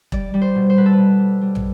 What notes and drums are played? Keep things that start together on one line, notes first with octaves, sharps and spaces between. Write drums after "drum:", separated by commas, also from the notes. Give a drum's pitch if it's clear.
G3 D5, drum: kick E1
G3
C5
B2
C5
B2 B4
A4
B4
B2
G3
G3
drum: tom